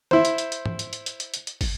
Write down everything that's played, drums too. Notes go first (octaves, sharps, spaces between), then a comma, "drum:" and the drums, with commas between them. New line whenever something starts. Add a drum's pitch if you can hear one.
E4 C5, drum: snare
drum: hi-hat
drum: hi-hat
drum: hi-hat
drum: tom
drum: hi-hat
drum: hi-hat
drum: hi-hat
drum: hi-hat
drum: hi-hat
drum: hi-hat
drum: kick, open hi-hat